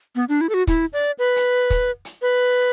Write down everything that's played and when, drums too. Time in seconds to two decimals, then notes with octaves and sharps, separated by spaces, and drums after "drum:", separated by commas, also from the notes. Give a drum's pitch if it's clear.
0.15 B3
0.29 D4
0.41 E4
0.49 A4
0.54 F#4
0.67 E4, drum: kick, hi-hat
0.93 D5
1.19 B4
1.36 drum: hi-hat
1.70 drum: kick, hi-hat
2.05 drum: hi-hat
2.22 B4